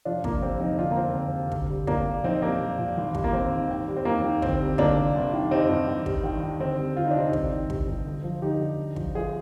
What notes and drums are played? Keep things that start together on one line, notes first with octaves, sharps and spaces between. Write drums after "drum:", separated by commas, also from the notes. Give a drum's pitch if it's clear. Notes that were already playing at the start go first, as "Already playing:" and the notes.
F1 D4 F4
D3 A#3, drum: kick
G3 C4
F2 C4 D#4
D2 D4 F4
A#3
D#3 C4
D2 C4
C3
D2, drum: kick
G3
D2 A#3 D4, drum: kick
D3
A#1 C4 D#4
G3 A#3 D4
A#1
A#2
G#1
G3, drum: kick
A#3
G#1 C4
G#2
D#2
G3
C4
D#2 A#3
D#3
D2 C4, drum: kick
G3
D2 A#3 D4, drum: kick
C3
G1
D#3
G3 C4 D#4
G2
D#2
G3, drum: kick
D#2
D#3
D2 C4
G3
D2 F4
D#4
D4
C3 C4 D#4
G1, drum: kick
D#3
G3, drum: kick
G2
D2
F3
D2 D#4 G4
D3
G1
F3, drum: kick
G1 F4 G#4